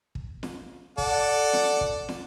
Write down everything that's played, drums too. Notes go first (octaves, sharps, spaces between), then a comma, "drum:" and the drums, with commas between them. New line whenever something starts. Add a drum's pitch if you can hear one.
drum: kick
drum: snare
A4 D5 F#5, drum: kick
drum: snare
drum: kick
drum: snare